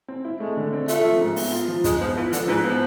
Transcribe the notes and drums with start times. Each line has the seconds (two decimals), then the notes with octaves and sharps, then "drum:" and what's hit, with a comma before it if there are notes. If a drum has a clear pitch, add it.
0.08 C4
0.25 E4
0.40 G#3 A3
0.57 D3
0.73 C4
0.88 A3 F4, drum: hi-hat
1.05 F3
1.21 G#2
1.36 B3, drum: open hi-hat
1.52 F4
1.68 F3
1.84 G#2 G#3, drum: kick, hi-hat
2.01 F3 B3
2.16 E3 F4
2.33 D3 F3, drum: hi-hat
2.48 G#2 E3
2.64 F3 B3